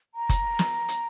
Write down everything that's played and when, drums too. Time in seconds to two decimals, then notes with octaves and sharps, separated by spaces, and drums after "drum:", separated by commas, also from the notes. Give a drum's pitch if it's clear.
0.15 A#5
0.29 drum: kick F#1, hi-hat
0.59 drum: snare
0.88 drum: hi-hat